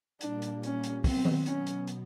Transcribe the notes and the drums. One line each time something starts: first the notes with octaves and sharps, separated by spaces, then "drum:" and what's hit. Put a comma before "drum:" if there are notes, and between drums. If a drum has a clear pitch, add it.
A#2 G3 A#3 D4, drum: hi-hat
drum: hi-hat
C#4, drum: hi-hat
drum: hi-hat
B2 F#3 B3 C4, drum: kick, open hi-hat
drum: tom D#3
C#4, drum: hi-hat
drum: hi-hat
drum: hi-hat